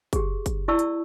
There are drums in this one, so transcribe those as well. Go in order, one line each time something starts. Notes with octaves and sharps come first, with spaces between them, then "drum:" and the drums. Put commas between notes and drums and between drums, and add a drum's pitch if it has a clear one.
G4 G#4, drum: kick, hi-hat
drum: kick, hi-hat
E4 D5 A5 C#6 E6
drum: hi-hat